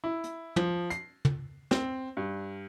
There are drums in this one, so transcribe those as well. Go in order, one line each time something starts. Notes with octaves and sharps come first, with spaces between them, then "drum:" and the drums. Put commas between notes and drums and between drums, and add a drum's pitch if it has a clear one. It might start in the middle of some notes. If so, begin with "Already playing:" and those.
E4
drum: hi-hat
F3, drum: tom
C7, drum: hi-hat
drum: tom
C4, drum: snare
G2